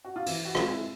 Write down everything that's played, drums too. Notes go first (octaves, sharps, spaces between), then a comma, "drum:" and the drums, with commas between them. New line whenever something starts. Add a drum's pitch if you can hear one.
F#4
F4
E3 E4, drum: open hi-hat
F#4
G#3 C4 F4, drum: rim click
E4